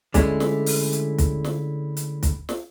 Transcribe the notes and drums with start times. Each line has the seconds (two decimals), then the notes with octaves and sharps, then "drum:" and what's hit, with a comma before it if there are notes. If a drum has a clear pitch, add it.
0.14 D3 G#3 A3 C#4 E4, drum: kick, hi-hat
0.40 drum: snare
0.66 drum: open hi-hat
0.92 drum: hi-hat
1.18 drum: kick, hi-hat
1.44 drum: snare
1.97 drum: hi-hat
2.23 drum: kick, hi-hat
2.49 drum: snare